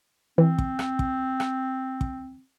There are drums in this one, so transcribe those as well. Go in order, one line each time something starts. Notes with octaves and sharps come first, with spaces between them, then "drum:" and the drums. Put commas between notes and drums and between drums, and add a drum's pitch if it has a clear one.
E3 C4
drum: kick
drum: rim click
drum: kick
drum: rim click
drum: kick